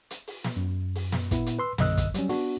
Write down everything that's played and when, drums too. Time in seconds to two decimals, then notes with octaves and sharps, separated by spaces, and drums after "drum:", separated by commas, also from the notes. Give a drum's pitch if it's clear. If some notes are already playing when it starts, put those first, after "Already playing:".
0.11 drum: hi-hat
0.27 drum: open hi-hat
0.44 drum: snare
0.56 F#2
0.95 drum: open hi-hat
1.12 drum: snare
1.31 A#2 B3 E4, drum: kick, hi-hat
1.46 drum: hi-hat
1.59 B4 C6 E6
1.78 B1 F#2 D3 D#5 E6 F#6, drum: snare
1.97 drum: kick, hi-hat
2.14 F#3 G3 C#4, drum: hi-hat
2.29 B3 D4 F#4, drum: open hi-hat